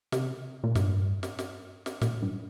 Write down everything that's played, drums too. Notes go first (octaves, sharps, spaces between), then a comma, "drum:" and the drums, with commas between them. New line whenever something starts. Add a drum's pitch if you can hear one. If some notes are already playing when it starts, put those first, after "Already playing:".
C3, drum: snare
A#2
G2, drum: snare
drum: snare
drum: snare
drum: snare
A#2, drum: snare
G2